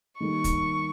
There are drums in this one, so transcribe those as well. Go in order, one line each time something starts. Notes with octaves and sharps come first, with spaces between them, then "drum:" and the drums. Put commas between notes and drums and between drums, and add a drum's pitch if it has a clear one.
D#3 G3 A#3 C#6
drum: kick, hi-hat